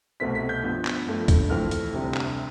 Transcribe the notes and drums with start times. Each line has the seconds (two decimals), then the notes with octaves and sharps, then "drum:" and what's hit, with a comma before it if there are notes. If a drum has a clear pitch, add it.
0.20 C2 B2 A3 C4 B6
0.35 B6
0.49 G6
0.63 G2 F3 B3
0.85 drum: clap
1.07 G2 F3 A3
1.28 drum: kick, hi-hat
1.50 F2 E3 A3 C4 F6
1.71 drum: hi-hat
1.92 D2 C3 G3
2.14 drum: clap